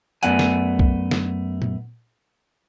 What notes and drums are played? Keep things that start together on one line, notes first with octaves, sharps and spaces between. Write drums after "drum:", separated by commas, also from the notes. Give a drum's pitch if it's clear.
F#2 A3 B3 D5 F#5 G#5, drum: hi-hat
drum: snare
drum: kick B1
drum: snare
drum: tom A#2